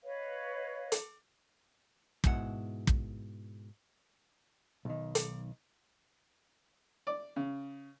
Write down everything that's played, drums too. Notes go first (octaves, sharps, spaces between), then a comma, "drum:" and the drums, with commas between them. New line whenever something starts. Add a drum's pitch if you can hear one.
B4 C#5 D#5 F5
drum: hi-hat
G#2 B2 G#3 E4 G#4 F#5, drum: kick
drum: kick
B1 D#3
drum: hi-hat
D5
C#3